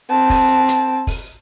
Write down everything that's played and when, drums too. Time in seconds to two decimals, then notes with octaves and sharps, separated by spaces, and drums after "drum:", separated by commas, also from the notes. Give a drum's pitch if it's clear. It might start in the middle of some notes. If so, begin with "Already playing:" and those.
0.10 C4 A5
0.30 drum: kick, open hi-hat
0.68 drum: hi-hat
1.07 drum: kick, open hi-hat